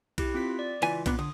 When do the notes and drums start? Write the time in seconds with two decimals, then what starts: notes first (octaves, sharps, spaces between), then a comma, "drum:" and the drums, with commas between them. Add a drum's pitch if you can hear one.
0.18 E4 G4, drum: kick B1, cymbal
0.34 C4 F4 B6
0.59 D5
0.82 C#2 E3 F4 G#5, drum: cymbal
1.06 A#2 B3 D4, drum: kick B1, cymbal
1.19 D3 D#6